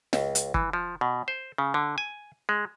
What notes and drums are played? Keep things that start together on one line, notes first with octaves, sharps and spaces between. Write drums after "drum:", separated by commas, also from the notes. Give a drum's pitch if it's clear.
C#2, drum: snare
drum: hi-hat
E3, drum: kick
F3
B2
C5
C#3
D3
G#5
G#3